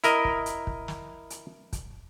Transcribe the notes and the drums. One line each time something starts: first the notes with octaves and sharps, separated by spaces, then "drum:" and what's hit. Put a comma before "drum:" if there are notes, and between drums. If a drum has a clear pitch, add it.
E4 A#4 D#5, drum: hi-hat
drum: kick
drum: hi-hat
drum: kick
drum: snare
drum: hi-hat
drum: kick, hi-hat